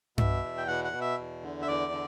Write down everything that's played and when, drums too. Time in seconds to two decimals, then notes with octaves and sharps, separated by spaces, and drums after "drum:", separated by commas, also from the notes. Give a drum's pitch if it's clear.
0.18 B2 E5, drum: tom G2
0.43 E2
0.58 G5
0.68 B2 F#5
0.84 F#5
0.92 B2
1.01 E5
1.18 E2
1.43 D3
1.62 E5
1.67 E2 D5
1.92 D3